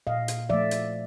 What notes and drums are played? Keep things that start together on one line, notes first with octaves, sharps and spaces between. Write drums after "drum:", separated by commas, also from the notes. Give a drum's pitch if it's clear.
A#2 D#5 F5
drum: hi-hat
F3 A3 D5 E5
drum: hi-hat